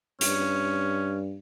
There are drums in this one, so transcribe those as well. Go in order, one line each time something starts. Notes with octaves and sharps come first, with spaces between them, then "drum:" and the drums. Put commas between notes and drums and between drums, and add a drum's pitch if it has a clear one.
G2 C#4, drum: hi-hat